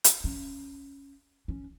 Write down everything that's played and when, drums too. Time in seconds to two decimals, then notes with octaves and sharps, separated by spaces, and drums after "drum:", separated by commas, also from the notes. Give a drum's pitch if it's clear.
0.04 drum: hi-hat
0.24 C#4
1.48 C#4